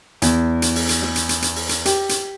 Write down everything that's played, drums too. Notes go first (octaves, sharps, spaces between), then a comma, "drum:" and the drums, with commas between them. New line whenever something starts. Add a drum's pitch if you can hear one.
E2, drum: hi-hat
drum: hi-hat
drum: open hi-hat
drum: hi-hat
drum: snare
drum: hi-hat
drum: hi-hat
drum: hi-hat
drum: open hi-hat
drum: hi-hat
G4, drum: hi-hat
drum: hi-hat